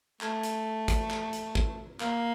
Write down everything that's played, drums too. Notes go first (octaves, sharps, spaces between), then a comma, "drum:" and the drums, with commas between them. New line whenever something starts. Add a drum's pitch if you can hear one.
A3, drum: clap
drum: hi-hat
drum: kick, hi-hat
drum: clap
drum: hi-hat
drum: kick
A#3, drum: clap